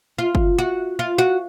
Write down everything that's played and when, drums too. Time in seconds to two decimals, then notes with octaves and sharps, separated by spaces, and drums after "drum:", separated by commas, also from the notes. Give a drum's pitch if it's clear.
0.19 F4
0.35 drum: kick
0.59 F#4
0.99 F4
1.18 F#4